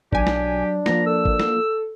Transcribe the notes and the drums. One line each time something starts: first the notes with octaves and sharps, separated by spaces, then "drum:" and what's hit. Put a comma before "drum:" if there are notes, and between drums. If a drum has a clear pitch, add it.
B1 F#3 D4 G4 G#5, drum: kick
drum: snare
F3 A#3 F4 A#5, drum: snare
A4 E6
drum: kick
drum: snare